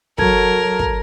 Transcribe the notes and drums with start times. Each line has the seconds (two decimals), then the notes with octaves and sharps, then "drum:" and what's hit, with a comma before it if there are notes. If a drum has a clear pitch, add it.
0.18 F#3 A4 A#4 A5 G#6, drum: kick
0.79 drum: kick